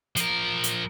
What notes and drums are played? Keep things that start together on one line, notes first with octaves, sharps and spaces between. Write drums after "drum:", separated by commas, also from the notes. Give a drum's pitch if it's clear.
F3 A#4, drum: hi-hat
drum: hi-hat